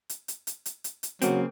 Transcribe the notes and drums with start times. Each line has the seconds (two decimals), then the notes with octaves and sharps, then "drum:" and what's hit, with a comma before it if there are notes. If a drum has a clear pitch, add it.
0.09 drum: hi-hat
0.28 drum: hi-hat
0.47 drum: hi-hat
0.66 drum: hi-hat
0.84 drum: hi-hat
1.03 drum: hi-hat
1.22 C#3 F#3 A#3 C4, drum: hi-hat